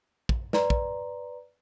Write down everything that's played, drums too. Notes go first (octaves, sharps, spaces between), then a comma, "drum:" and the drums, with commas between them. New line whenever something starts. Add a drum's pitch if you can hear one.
drum: kick
B4 D5 A#5 C6, drum: snare
drum: kick